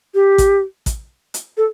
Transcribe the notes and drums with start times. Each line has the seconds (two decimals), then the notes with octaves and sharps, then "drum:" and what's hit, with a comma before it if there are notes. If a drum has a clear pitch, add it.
0.15 G4
0.38 drum: kick, hi-hat
0.86 drum: kick, hi-hat
1.34 drum: hi-hat
1.57 A4